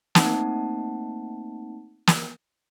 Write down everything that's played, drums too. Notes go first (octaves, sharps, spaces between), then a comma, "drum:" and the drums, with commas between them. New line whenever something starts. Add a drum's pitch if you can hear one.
A3 A#3 C4 D#4 F#5 A5, drum: snare
drum: snare